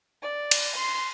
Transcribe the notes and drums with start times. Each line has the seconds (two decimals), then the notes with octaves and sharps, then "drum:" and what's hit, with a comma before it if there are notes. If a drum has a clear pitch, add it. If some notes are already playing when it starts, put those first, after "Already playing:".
0.23 D5
0.51 drum: cymbal
0.77 C6